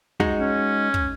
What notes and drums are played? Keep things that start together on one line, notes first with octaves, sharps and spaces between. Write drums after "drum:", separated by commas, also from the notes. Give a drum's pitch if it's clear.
G#3 D#4 F#4, drum: kick
C#4
drum: kick